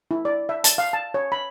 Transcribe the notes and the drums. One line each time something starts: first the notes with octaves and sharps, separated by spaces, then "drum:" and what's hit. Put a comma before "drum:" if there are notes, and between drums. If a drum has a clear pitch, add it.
E4
D5
E5
A5, drum: hi-hat
F5
A5
C#5
B5